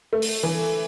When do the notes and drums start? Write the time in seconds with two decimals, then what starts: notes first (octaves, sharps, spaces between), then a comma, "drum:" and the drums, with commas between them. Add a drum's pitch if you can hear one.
0.13 A3
0.22 drum: open hi-hat
0.43 E3